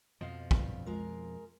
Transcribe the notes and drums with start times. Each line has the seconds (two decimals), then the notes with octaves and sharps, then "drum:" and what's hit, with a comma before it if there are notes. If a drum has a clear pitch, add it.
0.21 F2 B2 F3 D#5 F5
0.51 G2 C4 F5, drum: kick
0.86 G#3 F4 A#4